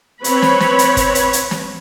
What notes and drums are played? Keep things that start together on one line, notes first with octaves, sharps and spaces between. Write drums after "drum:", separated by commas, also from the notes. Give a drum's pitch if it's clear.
C4 B4 C#5 B5, drum: hi-hat
drum: snare
drum: snare
drum: hi-hat
drum: kick, hi-hat
drum: hi-hat
drum: hi-hat
drum: snare